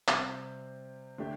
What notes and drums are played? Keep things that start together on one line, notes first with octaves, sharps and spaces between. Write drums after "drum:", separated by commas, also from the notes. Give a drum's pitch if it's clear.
C3 G3 C4, drum: clap
D3 A3 D4 G4